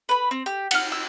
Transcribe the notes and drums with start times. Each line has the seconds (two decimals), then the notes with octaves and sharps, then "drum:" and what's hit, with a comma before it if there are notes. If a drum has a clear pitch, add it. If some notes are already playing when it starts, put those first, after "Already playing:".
0.09 B4 B5
0.31 C4
0.46 G4
0.71 F#5 F6, drum: cymbal
0.92 E6